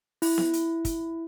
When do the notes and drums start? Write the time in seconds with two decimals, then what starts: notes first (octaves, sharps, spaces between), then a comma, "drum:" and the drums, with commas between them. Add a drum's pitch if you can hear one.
0.22 E4, drum: open hi-hat
0.38 drum: snare B3
0.53 drum: hi-hat
0.85 drum: kick, hi-hat